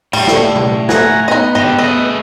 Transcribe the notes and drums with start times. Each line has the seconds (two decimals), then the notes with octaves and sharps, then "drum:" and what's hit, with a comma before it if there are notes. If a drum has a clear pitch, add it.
0.13 A2 G3, drum: cymbal
0.27 drum: snare
0.56 drum: tom B2
0.89 F#5 G#5 A#5, drum: snare
1.28 B3 D#4 D#5
1.55 G#2 D3 G4 D#5
1.79 A3 G#4 D#5